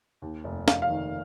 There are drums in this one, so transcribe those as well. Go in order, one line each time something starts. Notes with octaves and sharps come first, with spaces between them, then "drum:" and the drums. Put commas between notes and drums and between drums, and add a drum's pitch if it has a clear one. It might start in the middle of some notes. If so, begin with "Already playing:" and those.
D#2
F1
F1 F5, drum: snare
F5
D#3